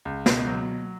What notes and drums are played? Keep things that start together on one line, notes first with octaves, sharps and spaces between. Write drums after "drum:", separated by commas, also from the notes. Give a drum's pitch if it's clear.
C#2
B2, drum: snare
F#3